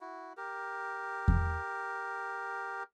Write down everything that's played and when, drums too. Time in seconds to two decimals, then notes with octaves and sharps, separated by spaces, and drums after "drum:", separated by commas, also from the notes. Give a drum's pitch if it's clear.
0.01 E4 F#4
0.37 G4 A#4
1.28 drum: kick E2